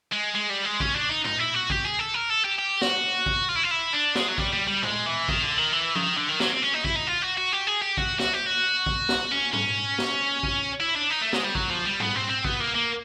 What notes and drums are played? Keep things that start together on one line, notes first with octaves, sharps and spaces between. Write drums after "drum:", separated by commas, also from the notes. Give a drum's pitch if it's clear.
G#3
G#3
G3
G#3
C#4, drum: kick A1
D4
D#4
D#4, drum: tom
E4
F#4
G4, drum: kick A1
G#4
A4
A#4
A4
G4
G4
F#4, drum: snare
drum: kick A1
F4
E4
F4
E4
D4
G#3, drum: snare
F#3
G3, drum: kick A1
G3
G3
G#3, drum: tom
E3
D#3, drum: kick A1
D3
D#3
E3
D#3, drum: tom F3
D3
D#3
F#3, drum: snare
C4
C#4
D#4
E4, drum: kick A1
D#4
F4
F#4
F#4
G4
G#4
G4
F#4, drum: kick A1
F#4, drum: snare
G4
F#4
drum: kick A1
drum: snare
C#4
C#4, drum: tom G#2
drum: snare
drum: kick A1
E4
D4
D#4
A3
G#3, drum: snare
G3
F#3, drum: kick A1
F3
G3
B3, drum: tom G#2
C4
C4
B3, drum: kick A1
A#3
A#3